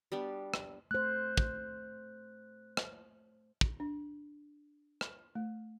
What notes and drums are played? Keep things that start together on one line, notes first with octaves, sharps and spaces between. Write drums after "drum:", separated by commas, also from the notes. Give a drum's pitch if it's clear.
G3 B3 D4
drum: rim click
A3 C5 F#6
drum: kick
drum: rim click
drum: kick
D4
drum: rim click
A3